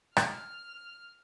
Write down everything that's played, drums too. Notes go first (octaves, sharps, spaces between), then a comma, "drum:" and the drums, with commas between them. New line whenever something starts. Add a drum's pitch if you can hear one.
F6, drum: rim click